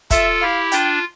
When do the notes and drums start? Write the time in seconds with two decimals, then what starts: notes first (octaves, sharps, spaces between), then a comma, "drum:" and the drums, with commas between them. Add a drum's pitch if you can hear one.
0.11 F4 A4 E5, drum: kick, hi-hat
0.41 E4 G4 F5
0.72 D4 F4 G5, drum: hi-hat